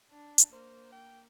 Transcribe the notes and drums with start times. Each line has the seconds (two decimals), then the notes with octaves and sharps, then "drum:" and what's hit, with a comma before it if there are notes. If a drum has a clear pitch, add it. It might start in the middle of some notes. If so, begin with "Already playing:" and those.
0.11 D4
0.38 drum: hi-hat
0.53 A#3 C5
0.92 G5